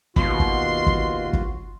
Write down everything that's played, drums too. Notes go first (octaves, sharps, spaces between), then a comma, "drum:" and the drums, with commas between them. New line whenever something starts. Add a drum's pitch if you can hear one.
D#2 B2 F4 F#4 C6, drum: kick
drum: kick
drum: kick
drum: kick